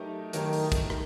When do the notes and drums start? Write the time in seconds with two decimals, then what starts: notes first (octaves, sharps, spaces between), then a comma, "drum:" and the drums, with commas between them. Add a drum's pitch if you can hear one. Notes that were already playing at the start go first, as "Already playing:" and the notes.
Already playing: F#3 A3 D#4 G4 A#4
0.33 D#3 F#3 A3 D#4 G4 A#4, drum: hi-hat
0.53 drum: open hi-hat
0.72 drum: kick, hi-hat
0.90 A#4, drum: rim click